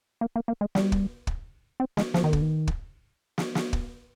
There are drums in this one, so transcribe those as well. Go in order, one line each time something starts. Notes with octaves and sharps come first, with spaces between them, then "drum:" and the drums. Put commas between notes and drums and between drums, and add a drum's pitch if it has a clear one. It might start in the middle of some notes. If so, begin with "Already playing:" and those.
A#3
A#3
A#3
G#3
G3, drum: snare
drum: kick
drum: kick
C4
G#3, drum: snare
F3, drum: snare
D#3
D3, drum: kick
D#3
drum: kick
drum: snare
drum: snare
drum: kick